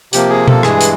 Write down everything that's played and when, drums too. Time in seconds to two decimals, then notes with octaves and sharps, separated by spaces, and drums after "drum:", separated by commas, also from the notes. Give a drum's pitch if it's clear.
0.13 C3 F3 A#3 G4, drum: hi-hat
0.30 G#4
0.48 A4, drum: tom B2
0.63 G2 E3 G#3 G#4, drum: rim click
0.81 drum: hi-hat